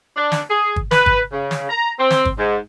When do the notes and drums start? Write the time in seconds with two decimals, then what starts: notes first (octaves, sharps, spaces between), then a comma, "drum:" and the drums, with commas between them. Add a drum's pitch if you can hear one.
0.17 D4
0.32 drum: snare
0.50 G#4
0.76 drum: kick
0.91 B4, drum: snare
1.06 drum: kick
1.32 C#3
1.51 drum: snare
1.69 A#5
1.99 C4
2.10 drum: snare
2.25 drum: kick
2.38 G#2